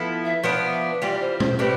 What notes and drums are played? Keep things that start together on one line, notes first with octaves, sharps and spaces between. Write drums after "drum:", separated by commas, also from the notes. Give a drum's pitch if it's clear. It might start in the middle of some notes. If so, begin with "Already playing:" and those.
Already playing: F3 B3 E4 A4
E5
F3 B3 D4
E5
E3 G3 C4 F4 D5
C5
C5, drum: tom
A2 G3 C4 E4 B4